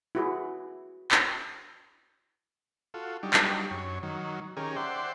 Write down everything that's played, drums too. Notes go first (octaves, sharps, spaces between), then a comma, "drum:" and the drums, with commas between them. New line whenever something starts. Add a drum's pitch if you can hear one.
E4 F#4 G#4
drum: clap
F4 F#4 A4
F#3 G3 D4 D#4 G4
drum: clap
F#2 C#5
D#3 F#3
D#3 C#4 G4 G#4 A#4
C5 D5 E5 F#5 G5 C6